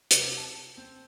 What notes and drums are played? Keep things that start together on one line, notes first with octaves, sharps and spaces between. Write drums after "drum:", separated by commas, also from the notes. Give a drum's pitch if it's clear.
C3, drum: hi-hat
A5
C4